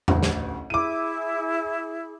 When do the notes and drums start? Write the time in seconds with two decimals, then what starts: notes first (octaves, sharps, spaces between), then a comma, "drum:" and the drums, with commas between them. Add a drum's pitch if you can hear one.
0.08 A1 D2, drum: tom E2
0.23 drum: snare
0.70 E4 G#4 D6 D#7